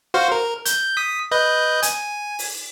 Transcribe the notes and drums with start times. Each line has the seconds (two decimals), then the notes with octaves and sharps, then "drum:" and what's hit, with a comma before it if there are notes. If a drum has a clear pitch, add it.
0.14 F#4 C5 F5
0.32 A#4
0.65 G6, drum: hi-hat
0.97 D#6 B6
1.32 B4 D#5 G6
1.83 G#5, drum: hi-hat
2.39 drum: open hi-hat